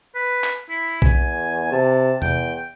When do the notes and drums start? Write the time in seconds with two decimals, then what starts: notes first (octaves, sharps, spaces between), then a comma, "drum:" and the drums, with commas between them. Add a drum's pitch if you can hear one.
0.15 B4
0.44 drum: clap
0.70 E4
0.88 drum: tambourine
1.02 E2 G#5, drum: kick B1
1.72 C3 A5
2.22 E2 G5, drum: tom